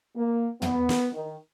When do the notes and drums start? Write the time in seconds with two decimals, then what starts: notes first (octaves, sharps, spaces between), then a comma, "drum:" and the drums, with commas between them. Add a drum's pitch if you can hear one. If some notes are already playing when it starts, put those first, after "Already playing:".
0.16 A#3
0.62 B3, drum: tom
0.89 drum: snare
1.13 D#3